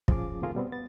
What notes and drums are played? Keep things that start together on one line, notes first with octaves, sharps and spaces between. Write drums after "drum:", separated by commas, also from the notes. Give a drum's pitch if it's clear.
F3 C#4 F4 G#4 D6, drum: kick
D#2 C3 A3 F4 G#4 A#4
B2 G3 B3 C4
B3 A6